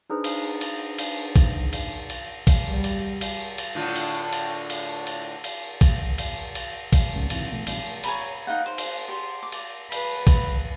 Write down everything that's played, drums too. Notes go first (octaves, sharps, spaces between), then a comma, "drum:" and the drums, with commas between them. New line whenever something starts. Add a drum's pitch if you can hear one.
D4 D#4 G#4 B4 C5
drum: cymbal
drum: cymbal
drum: cymbal
drum: kick A#1, cymbal
drum: cymbal
drum: cymbal
drum: kick A#1, cymbal
G3
drum: cymbal
drum: cymbal
drum: cymbal
A2 D3 F4
drum: cymbal
drum: cymbal
drum: cymbal
drum: cymbal
drum: cymbal
drum: kick A#1, cymbal
drum: cymbal
drum: cymbal
drum: kick A#1, cymbal
C#2 G#2 C#3
G#2 C3 D#3 E3, drum: cymbal
B2 F3 A3
A1 G2 B2, drum: cymbal
C#5 G#5 A#5 B5, drum: cymbal
D#4 F5 F#5
C5
drum: cymbal
G4 C6
D6
drum: cymbal
B4, drum: cymbal
drum: kick A#1, cymbal